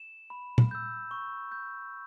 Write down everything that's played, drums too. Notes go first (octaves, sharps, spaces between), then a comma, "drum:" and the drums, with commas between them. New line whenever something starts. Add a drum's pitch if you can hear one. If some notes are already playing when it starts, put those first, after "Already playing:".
Already playing: E7
B5
drum: tom A#2
E6 G6
C#6
G6